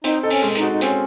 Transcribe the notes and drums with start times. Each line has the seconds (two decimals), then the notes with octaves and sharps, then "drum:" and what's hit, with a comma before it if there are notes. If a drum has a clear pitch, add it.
0.04 C4 D#4, drum: hi-hat
0.22 D#4 A4
0.30 C#4, drum: open hi-hat
0.42 G#3
0.55 D#4, drum: hi-hat
0.61 F#4
0.71 D#4
0.81 C4 C#4, drum: hi-hat